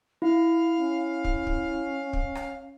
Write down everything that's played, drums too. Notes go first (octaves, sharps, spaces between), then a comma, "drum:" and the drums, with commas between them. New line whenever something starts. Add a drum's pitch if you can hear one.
E4 F5
C#4
drum: kick
drum: kick
drum: kick
drum: rim click